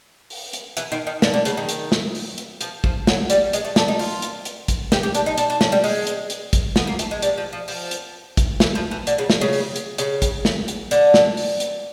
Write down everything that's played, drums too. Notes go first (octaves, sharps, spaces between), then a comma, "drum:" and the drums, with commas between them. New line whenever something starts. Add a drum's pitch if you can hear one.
drum: open hi-hat
drum: hi-hat
E3, drum: hi-hat
D#3
D#3
D3, drum: snare
D3
C#3, drum: hi-hat
D#3
drum: hi-hat
drum: snare
drum: open hi-hat
drum: hi-hat
F3, drum: hi-hat
F3, drum: kick
F#3, drum: snare
G3, drum: hi-hat
G#3, drum: hi-hat
A3
D4, drum: snare
D#4
F4, drum: open hi-hat
drum: hi-hat
drum: hi-hat
drum: kick, hi-hat
G4, drum: snare
G4
D4, drum: hi-hat
D#4
D4, drum: hi-hat
D4
C#4, drum: snare
G3
G#3, drum: open hi-hat
drum: hi-hat
drum: hi-hat
drum: kick, hi-hat
B3, drum: snare
A#3
A3, drum: hi-hat
G#3
G3, drum: hi-hat
F3
F3
F3, drum: open hi-hat
drum: hi-hat
drum: kick, hi-hat
E3, drum: snare
F3
E3
D3, drum: hi-hat
C#3
drum: snare
C#3
drum: open hi-hat
drum: hi-hat
C#3, drum: hi-hat
drum: kick, hi-hat
drum: snare
drum: hi-hat
D3, drum: hi-hat
drum: snare
drum: open hi-hat
drum: hi-hat